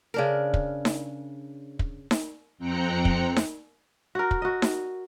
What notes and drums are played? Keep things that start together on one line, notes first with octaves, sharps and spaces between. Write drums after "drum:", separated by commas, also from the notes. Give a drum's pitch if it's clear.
C#3 D4 A#4
drum: kick
drum: snare D#4
drum: kick
drum: snare D#4
F2 C4 G5 A#5 F#6 C#7
drum: kick
drum: snare D#4
F#4 A#4
drum: kick
F#4 D#5
drum: snare D#4